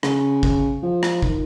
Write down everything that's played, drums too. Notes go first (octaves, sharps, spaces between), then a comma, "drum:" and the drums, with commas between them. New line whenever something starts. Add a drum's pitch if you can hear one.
C#3, drum: rim click
drum: kick
F3
drum: rim click
D#3, drum: kick